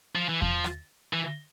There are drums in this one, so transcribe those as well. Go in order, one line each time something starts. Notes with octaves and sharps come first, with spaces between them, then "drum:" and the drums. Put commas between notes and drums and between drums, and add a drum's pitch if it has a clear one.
F3
E3
F3, drum: kick E2
drum: rim click
E3